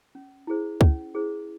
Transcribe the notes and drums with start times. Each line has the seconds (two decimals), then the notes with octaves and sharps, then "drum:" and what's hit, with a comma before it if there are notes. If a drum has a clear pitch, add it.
0.15 C#4
0.47 E4 G#4 C5
0.81 C#4, drum: kick C#2
1.14 E4 G#4 C5